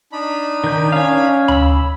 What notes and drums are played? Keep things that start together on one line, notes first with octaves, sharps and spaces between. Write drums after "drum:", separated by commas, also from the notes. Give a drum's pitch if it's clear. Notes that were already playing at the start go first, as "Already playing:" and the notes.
D4 D#4 B5
D#3 G6
C#4 F5 G#5
B5 E6, drum: tom D2